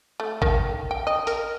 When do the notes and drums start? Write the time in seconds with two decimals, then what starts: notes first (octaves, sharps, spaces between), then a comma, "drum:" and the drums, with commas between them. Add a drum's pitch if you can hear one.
0.20 A3
0.42 D#3, drum: kick G#1
0.91 G5
1.07 D#5
1.27 A#4, drum: hi-hat